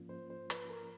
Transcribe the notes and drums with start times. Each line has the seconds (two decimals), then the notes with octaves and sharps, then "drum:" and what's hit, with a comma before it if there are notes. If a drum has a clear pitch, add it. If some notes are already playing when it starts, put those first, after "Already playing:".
Already playing: G#2 F3 A#3 C#4 F4
0.09 C5
0.30 C5
0.50 B4, drum: hi-hat
0.70 A#4